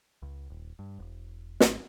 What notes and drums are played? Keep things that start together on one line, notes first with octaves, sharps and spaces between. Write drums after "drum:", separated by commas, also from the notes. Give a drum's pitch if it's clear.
C#2
D#1
G2
E1
G#1, drum: snare